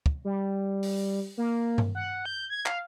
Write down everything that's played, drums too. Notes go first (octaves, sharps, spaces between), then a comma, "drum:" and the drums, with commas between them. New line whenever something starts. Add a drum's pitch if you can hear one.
drum: kick
G3
drum: open hi-hat
A#3
drum: tom G2
F#5
G6
G#6
F5, drum: clap